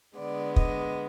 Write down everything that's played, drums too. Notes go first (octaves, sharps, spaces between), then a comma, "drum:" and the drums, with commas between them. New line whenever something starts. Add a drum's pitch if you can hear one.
D3 G#3 B3 D5
D#5, drum: kick